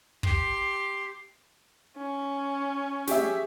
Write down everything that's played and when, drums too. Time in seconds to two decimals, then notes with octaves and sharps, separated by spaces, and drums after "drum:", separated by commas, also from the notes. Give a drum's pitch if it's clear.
0.23 G4 C6, drum: kick
1.98 C#4
3.07 G4 G#4 E5, drum: snare